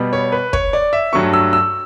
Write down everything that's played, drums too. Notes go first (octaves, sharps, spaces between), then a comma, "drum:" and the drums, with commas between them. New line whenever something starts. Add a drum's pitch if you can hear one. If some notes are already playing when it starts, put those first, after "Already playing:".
Already playing: B2 G3 B3
C#5
B4
C#5, drum: kick
D5
E5
G2 F#3 A3 C#6
E6
E6